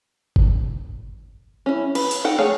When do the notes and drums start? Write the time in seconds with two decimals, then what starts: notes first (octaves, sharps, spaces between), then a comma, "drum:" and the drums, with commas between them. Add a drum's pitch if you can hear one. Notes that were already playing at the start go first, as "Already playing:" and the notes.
0.36 drum: kick G1
1.66 C#4 E4
1.95 B4, drum: cymbal
2.11 drum: open hi-hat
2.24 D#4 A4 F#5 G5
2.39 A3 G#4 C#5 F5